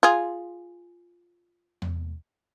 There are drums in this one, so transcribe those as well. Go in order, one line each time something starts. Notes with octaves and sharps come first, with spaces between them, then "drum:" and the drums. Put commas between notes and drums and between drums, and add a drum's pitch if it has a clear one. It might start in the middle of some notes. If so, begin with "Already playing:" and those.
F4 G#4
drum: tom E2